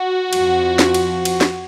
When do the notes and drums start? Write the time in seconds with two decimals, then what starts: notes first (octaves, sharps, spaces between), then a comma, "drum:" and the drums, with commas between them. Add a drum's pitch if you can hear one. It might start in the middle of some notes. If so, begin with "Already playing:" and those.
Already playing: F#4
0.33 F2 F3, drum: cymbal
0.79 drum: snare
0.94 drum: cymbal
1.25 drum: cymbal
1.41 drum: snare